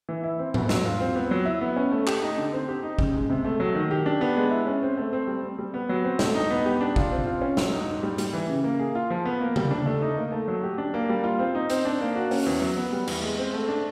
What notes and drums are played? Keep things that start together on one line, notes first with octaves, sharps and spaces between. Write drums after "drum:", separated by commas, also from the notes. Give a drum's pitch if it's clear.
E3
E4
C4
B3, drum: tom G#2
F#3, drum: snare
F4
C4
B3
F#3
E4
B3
C#4
A3
G4, drum: clap
D#4
D3
C4
G4
D#4
C#3, drum: kick
G#3
C3
A3
F#3
D#3
G4
D4
B3
G#3
E4
C#4
C4
A3
C4
G3
C4
G3
B3
F#3
C4
A3, drum: snare
D#4
B3
G4
D4
F4, drum: kick
C4
F4
C#4
F#3, drum: snare
D#4
G#2
G3
G3, drum: hi-hat
E3
C#3
A#3
G#4
F4
F3
B3
A#3
G3, drum: tom C#3
D4
A3
D#4
A#3
A3
F#3
G4
D4
A#3
G3
F4
C4
D#4
C4, drum: hi-hat
D4
A#3
F#4
C#4, drum: open hi-hat
E2
F#3
B3
G3
E2, drum: cymbal
G#3
C4
A3
D4